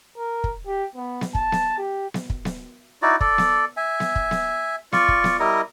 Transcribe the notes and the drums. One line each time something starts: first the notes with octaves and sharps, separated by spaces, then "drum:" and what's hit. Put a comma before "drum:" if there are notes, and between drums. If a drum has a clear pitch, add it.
A#4
drum: kick
G4
B3
drum: snare B3
A5, drum: kick
drum: snare B3
G4
drum: snare B3
drum: kick
drum: snare B3
D#4 E4 F#4 D5
A4 D5, drum: kick
drum: snare B3
E5 G#5
drum: snare B3
drum: kick
drum: snare B3
F4 D5 C#6, drum: snare B3
drum: kick
drum: snare B3
G3 E4 A#4 D#5